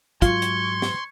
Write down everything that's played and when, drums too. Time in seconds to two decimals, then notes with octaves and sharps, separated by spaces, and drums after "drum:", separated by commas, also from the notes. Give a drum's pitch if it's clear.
0.22 G#2 F#3 F4 C6 C#6 G#6, drum: kick, hi-hat
0.42 drum: hi-hat
0.82 drum: snare